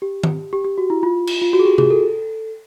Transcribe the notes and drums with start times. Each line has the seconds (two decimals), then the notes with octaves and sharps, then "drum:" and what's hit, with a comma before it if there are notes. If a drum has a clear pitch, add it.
0.02 G4
0.23 drum: tom D#3
0.53 G4
0.64 G4
0.78 F#4
0.90 E4
1.03 F4
1.27 drum: cymbal
1.42 F4
1.53 F#4
1.59 G#4
1.65 G4
1.78 G#4, drum: tom C3
1.90 A4